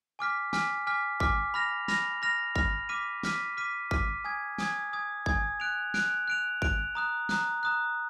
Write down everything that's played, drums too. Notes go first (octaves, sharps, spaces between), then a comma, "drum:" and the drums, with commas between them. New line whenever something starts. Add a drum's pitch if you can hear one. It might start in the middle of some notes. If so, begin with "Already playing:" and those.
G#5 D6 F6 B6
G#5 D6 F6 B6, drum: snare
G#5 D6 F6 B6
G#5 D6 F6 B6, drum: kick G#1
B5 F6 A#6 F7
B5 F6 A#6 F7, drum: snare
B5 F6 A#6 F7
B5 F6 A#6 F7, drum: kick G#1
D6 F6 B6 D#7
D6 F6 B6 D#7, drum: snare
D6 F6 B6 D#7
D6 F6 B6 D#7, drum: kick G#1
G#5 D#6 G#6
G#5 D#6 G#6, drum: snare
G#5 D#6 G#6
G#5 D#6 G#6, drum: kick G#1
F#6 D7 F7
F#6 D7 F7, drum: snare
F#6 D7 F7
F#6 D7 F7, drum: kick G#1
A#5 D#6 F#6
A#5 D#6 F#6, drum: snare
A#5 D#6 F#6